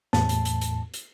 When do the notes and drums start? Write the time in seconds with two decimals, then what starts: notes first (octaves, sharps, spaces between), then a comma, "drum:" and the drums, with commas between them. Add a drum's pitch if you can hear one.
0.13 E2 A2 A5, drum: snare
0.29 drum: hi-hat
0.45 drum: hi-hat
0.61 drum: hi-hat
0.94 drum: hi-hat